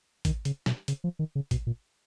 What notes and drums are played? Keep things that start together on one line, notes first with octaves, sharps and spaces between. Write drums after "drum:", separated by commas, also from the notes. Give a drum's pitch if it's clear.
D#3, drum: kick, hi-hat
C#3, drum: hi-hat
B2, drum: snare
C#3, drum: hi-hat
F3
D#3
C#3
B2, drum: kick, hi-hat
A#2